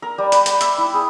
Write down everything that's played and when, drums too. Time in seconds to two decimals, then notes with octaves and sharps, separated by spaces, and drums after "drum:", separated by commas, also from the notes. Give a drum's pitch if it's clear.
0.02 A#4
0.18 G3
0.32 B4, drum: hi-hat
0.46 B5, drum: hi-hat
0.61 E5, drum: hi-hat
0.78 E4
0.94 G#4